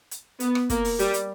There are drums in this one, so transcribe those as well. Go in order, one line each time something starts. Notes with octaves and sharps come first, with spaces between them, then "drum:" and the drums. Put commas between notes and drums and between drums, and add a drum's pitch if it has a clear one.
drum: hi-hat
B3, drum: hi-hat
drum: rim click
A#3, drum: kick, hi-hat
drum: open hi-hat
G3, drum: hi-hat
drum: hi-hat